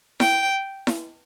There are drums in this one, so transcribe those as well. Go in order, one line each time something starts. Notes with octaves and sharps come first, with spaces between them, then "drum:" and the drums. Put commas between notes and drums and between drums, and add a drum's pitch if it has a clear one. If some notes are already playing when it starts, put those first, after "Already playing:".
G5, drum: snare E4
drum: snare E4